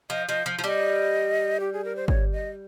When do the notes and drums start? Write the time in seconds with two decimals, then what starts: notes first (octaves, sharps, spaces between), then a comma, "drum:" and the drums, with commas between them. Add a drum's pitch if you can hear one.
0.10 F3 D#5
0.28 F3 D#5
0.46 F3
0.59 F3
0.64 G3 D#5
1.60 G4
1.73 G#4
1.84 A#4
1.96 C5
2.08 C#5, drum: kick
2.32 D#5